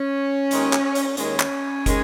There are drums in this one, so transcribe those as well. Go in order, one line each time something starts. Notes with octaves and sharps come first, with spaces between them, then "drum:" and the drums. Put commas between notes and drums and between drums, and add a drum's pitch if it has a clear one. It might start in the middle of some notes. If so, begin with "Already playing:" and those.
Already playing: C#4
D#2 D#3 G#3, drum: hi-hat
drum: clap
drum: hi-hat
D#2 D#3 G#3 C#4, drum: hi-hat
drum: clap
D#3 G#3, drum: kick, hi-hat